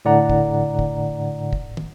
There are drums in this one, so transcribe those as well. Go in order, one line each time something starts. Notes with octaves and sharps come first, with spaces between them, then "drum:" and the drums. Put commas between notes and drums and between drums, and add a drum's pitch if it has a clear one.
A2 D3 D5 F#5 A#5
drum: kick
drum: kick
drum: kick
drum: tom